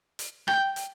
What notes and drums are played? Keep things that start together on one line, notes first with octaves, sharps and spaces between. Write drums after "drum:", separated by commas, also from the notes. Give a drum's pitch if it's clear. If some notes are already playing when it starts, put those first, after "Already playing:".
drum: hi-hat
G5, drum: rim click
drum: hi-hat